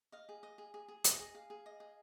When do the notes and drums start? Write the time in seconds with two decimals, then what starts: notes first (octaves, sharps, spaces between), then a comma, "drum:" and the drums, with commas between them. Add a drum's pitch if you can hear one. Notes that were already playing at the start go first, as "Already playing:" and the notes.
0.12 D#5 F5
0.29 G#4
0.43 D#5
0.58 G#4
0.74 G#4
0.88 G#4
1.04 D#5, drum: hi-hat
1.19 G#4
1.35 G#4 F5
1.50 G#4
1.66 D#5
1.80 G#4